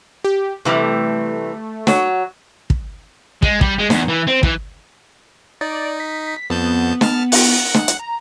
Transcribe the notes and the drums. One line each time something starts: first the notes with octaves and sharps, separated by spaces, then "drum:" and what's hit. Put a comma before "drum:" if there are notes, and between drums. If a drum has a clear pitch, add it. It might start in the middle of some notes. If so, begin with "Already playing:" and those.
G4
C3 E3 G3 A3
F#3 C#5, drum: snare
drum: kick
G#3, drum: kick
G3, drum: kick
G#3
E2, drum: snare
E3
C4
E3, drum: kick
D#4 D5
B6
F2 B3 A5 G6
A5 F6, drum: snare
F#5, drum: open hi-hat
drum: snare
drum: hi-hat
A#5